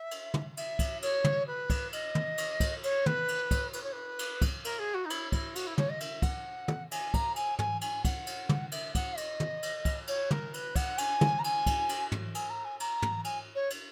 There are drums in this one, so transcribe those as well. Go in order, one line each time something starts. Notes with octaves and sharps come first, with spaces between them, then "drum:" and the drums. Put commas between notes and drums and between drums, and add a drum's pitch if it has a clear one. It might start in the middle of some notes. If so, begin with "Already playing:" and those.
Already playing: E5
drum: cymbal
drum: tom
E5, drum: cymbal
drum: kick, cymbal
C#5, drum: cymbal
drum: tom
B4
drum: kick, cymbal
D#5, drum: cymbal
drum: tom
drum: cymbal
drum: kick, cymbal
C#5, drum: cymbal
B4, drum: tom
drum: cymbal
drum: kick, cymbal
B4, drum: cymbal
C#5
B4
drum: cymbal
drum: kick, cymbal
A#4, drum: cymbal
G#4
F#4
D#4
E4, drum: cymbal
E4, drum: kick, cymbal
F#4, drum: cymbal
E4
C#5, drum: tom
D#5
E5, drum: cymbal
F#5, drum: kick, cymbal
drum: tom
G#5, drum: cymbal
A#5, drum: kick, cymbal
G#5, drum: cymbal
G#5, drum: tom
G#5, drum: cymbal
F#5, drum: kick, cymbal
drum: cymbal
drum: tom
E5, drum: cymbal
F#5, drum: kick, cymbal
D#5, drum: cymbal
drum: tom
drum: cymbal
drum: kick, cymbal
C#5, drum: cymbal
A#4, drum: tom
B4, drum: cymbal
F#5, drum: kick, cymbal
G#5, drum: cymbal
drum: tom
A#5
G#5, drum: cymbal
drum: kick, cymbal
drum: cymbal
drum: tom
G#5, drum: cymbal
A#5
G#5
A#5, drum: cymbal
drum: tom
G#5, drum: cymbal
C#5
drum: cymbal